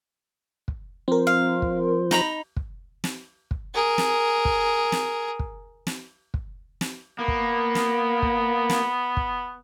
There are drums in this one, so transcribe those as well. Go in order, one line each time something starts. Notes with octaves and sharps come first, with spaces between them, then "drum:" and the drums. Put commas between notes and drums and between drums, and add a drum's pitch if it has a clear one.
drum: kick
F3 C4 A#4 C5
F5
drum: kick
D#4 A#5 B5, drum: snare
drum: kick
drum: snare
drum: kick
G#4 A#4
drum: snare
drum: kick
drum: snare
drum: kick
drum: snare
drum: kick
drum: snare
A#3 B3
drum: kick
drum: snare
drum: kick
drum: snare
drum: kick